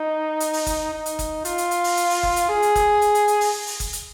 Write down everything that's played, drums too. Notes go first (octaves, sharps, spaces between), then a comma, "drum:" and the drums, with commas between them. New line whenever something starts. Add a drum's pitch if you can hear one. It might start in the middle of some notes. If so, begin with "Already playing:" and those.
Already playing: D#4
drum: hi-hat
drum: open hi-hat
drum: kick F#1, hi-hat
D#4
drum: hi-hat
drum: kick F#1, hi-hat
F4, drum: hi-hat
drum: hi-hat
drum: hi-hat
drum: open hi-hat
drum: hi-hat
drum: open hi-hat
drum: kick F#1
drum: hi-hat
G#4
drum: hi-hat
drum: kick F#1, hi-hat
drum: hi-hat
drum: hi-hat
drum: hi-hat
drum: open hi-hat
drum: open hi-hat
drum: kick F#1, hi-hat
drum: hi-hat